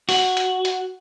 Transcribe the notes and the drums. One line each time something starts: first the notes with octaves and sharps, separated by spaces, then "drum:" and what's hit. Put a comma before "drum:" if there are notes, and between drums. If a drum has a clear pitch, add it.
F#4, drum: open hi-hat
drum: hi-hat
drum: hi-hat